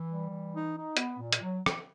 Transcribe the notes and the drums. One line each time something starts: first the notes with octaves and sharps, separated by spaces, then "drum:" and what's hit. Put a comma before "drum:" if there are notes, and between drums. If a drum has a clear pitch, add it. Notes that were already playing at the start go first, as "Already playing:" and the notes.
Already playing: E3
G3
E3
D#4
D#4
B3, drum: hi-hat
A#2
drum: hi-hat
F#3
drum: rim click